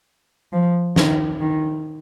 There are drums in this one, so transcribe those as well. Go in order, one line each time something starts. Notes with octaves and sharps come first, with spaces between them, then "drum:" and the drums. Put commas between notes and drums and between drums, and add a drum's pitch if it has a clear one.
F3
D#3, drum: snare
D#3